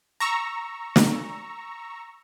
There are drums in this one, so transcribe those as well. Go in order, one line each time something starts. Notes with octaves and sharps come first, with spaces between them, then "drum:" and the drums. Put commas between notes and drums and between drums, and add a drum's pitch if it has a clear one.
A#5 C#6 E6
drum: snare